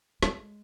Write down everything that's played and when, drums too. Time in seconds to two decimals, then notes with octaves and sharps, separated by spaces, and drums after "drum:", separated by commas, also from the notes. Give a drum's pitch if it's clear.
0.23 G#3, drum: snare